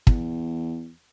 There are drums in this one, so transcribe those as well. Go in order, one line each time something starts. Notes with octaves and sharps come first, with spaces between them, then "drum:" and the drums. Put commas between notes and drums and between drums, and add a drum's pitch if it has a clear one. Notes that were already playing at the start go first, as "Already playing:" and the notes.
E2, drum: kick